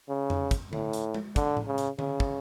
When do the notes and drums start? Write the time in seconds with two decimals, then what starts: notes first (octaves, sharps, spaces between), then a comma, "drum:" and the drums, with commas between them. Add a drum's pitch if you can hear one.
0.09 C#3
0.30 drum: tom F2
0.51 drum: kick, hi-hat
0.73 A2, drum: tom D3
0.93 drum: hi-hat
1.14 drum: tom G#3
1.36 D3, drum: kick, hi-hat
1.57 drum: tom A2
1.67 C#3
1.78 drum: hi-hat
1.99 C#3, drum: tom D3
2.20 drum: kick